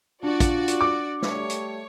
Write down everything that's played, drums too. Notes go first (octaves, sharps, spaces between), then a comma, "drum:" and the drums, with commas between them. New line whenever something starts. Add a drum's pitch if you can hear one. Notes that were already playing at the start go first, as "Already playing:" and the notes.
D4 F4 F#4 D5
drum: kick, hi-hat
drum: hi-hat
D6
G3 A3 C#5, drum: snare
drum: hi-hat